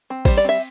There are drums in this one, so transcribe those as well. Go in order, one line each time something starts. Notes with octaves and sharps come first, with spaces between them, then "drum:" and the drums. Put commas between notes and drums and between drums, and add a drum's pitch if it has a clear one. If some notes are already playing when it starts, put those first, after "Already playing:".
C4
G3 C5, drum: kick, cymbal
D5
C4 E5